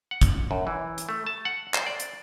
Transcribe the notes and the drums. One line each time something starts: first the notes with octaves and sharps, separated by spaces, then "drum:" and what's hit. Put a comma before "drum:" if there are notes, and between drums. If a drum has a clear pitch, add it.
F#5
drum: kick, hi-hat
F#2
E3
drum: hi-hat
A3
A5
F#5
C5, drum: clap
D5
drum: hi-hat